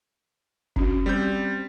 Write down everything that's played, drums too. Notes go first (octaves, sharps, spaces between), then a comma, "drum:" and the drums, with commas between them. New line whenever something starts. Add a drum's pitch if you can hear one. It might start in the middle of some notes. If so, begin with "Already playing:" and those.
C#4 D4 F#4, drum: kick F1
G3 C4 G6